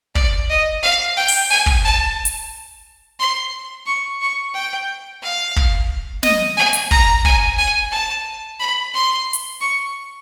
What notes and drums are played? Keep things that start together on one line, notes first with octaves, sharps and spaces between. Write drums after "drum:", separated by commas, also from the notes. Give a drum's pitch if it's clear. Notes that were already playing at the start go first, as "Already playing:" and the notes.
D5, drum: kick
D#5
F5
G5
drum: open hi-hat
G#5
drum: kick
A5
drum: hi-hat
C6
C#6
C#6
G5
F5
drum: kick
D#5, drum: snare
G#5
drum: hi-hat
A#5, drum: kick
G#5, drum: kick
G#5
A5
B5
C6
drum: hi-hat
C#6